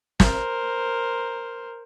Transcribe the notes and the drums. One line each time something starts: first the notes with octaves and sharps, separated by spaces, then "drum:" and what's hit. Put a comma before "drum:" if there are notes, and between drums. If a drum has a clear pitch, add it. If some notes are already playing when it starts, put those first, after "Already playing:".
A#4 C5, drum: snare